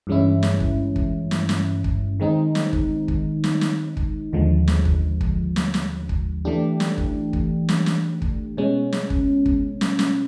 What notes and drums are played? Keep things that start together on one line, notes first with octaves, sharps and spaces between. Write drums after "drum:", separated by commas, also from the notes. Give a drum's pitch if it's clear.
G2 E3 G#3 C#4 E4
drum: snare
drum: kick
drum: kick
drum: snare
drum: snare
drum: kick
D#3 G#3 C4 D#4
drum: snare
drum: kick
drum: kick
drum: snare
drum: snare
drum: kick
D#2 D3 F3 G#3
drum: snare
drum: kick
drum: kick
drum: snare
drum: snare
drum: kick
E3 A3 D4 G4
drum: snare
drum: kick
drum: kick
drum: snare
drum: snare
drum: kick
B2 G#3 C#4
drum: snare
drum: kick
drum: kick
drum: snare
drum: snare